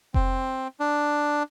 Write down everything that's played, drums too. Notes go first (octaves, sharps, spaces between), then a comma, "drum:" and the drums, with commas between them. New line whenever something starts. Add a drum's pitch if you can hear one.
C4, drum: kick F1
D4